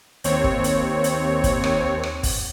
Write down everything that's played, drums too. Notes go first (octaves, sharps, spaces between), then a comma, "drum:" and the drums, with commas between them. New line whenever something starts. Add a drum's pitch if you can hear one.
D#2 C4 C#5, drum: hi-hat
drum: kick
drum: hi-hat
drum: hi-hat
drum: kick, hi-hat
drum: rim click
drum: rim click
drum: kick, open hi-hat